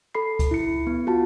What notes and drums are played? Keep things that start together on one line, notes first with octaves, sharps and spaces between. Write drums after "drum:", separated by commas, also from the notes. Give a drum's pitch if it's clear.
A4 B5 C7
drum: kick C#2, hi-hat
E4 C#7
B3
F4 F#4 A5